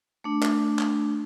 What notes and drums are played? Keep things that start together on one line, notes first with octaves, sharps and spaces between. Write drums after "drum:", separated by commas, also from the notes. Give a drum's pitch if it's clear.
A3 D4
drum: clap
drum: clap